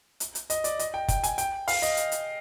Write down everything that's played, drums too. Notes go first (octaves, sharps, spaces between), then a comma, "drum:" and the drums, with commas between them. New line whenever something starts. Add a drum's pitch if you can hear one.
drum: hi-hat
drum: hi-hat
D#5, drum: hi-hat
D5, drum: hi-hat
D#5, drum: hi-hat
G5
G5, drum: kick, hi-hat
G#5, drum: hi-hat
G5, drum: hi-hat
F5, drum: open hi-hat
D#5, drum: hi-hat
drum: hi-hat
drum: hi-hat